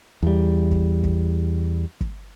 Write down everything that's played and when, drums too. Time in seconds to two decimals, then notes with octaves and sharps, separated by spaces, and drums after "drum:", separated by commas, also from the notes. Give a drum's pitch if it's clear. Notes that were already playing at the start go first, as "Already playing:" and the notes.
0.23 E2 G3
0.71 drum: kick
1.03 drum: kick
2.01 drum: kick